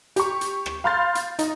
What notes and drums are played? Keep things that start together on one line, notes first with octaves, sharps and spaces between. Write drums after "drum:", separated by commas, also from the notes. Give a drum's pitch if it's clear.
G4 C#6, drum: hi-hat
drum: hi-hat
drum: rim click
F5 B5 C6 F6 G6 A6
drum: hi-hat
D#4, drum: hi-hat